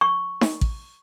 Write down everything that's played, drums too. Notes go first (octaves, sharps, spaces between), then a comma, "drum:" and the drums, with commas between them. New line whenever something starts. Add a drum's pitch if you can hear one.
C#6
drum: snare D#4
drum: kick A1